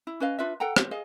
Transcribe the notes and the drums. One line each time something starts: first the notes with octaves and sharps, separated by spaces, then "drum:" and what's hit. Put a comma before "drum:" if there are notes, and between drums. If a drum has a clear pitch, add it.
E4
C#4 B4 D#5 F5
D4 F4 B4 E5
A4 F#5 G5 A#5
C5, drum: rim click
G#4 D#5 F5